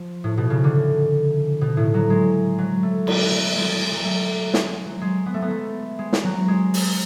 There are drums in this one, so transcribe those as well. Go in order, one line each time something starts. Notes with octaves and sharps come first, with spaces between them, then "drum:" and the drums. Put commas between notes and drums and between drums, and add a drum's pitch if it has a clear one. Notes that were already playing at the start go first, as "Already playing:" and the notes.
Already playing: F3
A2
B2
C#3
D3
B2
A2
F#3
G#3
F#3
A3
B3, drum: cymbal
A3
G#3
G#3
G#3
F#3
A3
G#3, drum: snare
F#3
G#3
B3
A3
B3
A3
G#3
drum: snare
F#3
G#3
drum: open hi-hat